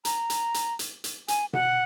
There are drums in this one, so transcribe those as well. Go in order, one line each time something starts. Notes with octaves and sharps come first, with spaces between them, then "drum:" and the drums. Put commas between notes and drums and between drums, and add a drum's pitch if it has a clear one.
A#5, drum: hi-hat
drum: hi-hat
drum: hi-hat
drum: hi-hat
drum: hi-hat
G#5, drum: hi-hat
F#5, drum: tom B2